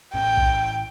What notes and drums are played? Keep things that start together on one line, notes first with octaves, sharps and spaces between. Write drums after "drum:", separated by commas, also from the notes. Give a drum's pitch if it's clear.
A2 C#4 G5
drum: kick